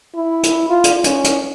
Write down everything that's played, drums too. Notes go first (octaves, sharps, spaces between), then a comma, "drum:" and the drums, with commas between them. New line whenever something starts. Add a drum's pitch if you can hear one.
E4
drum: hi-hat
F4
drum: hi-hat
C#4, drum: hi-hat
drum: hi-hat